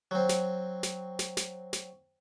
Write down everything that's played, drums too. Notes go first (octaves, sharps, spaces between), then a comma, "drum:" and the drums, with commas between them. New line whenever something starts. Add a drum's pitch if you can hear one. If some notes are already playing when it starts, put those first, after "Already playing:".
F#3 C4
drum: snare
drum: snare
drum: snare
drum: snare
drum: snare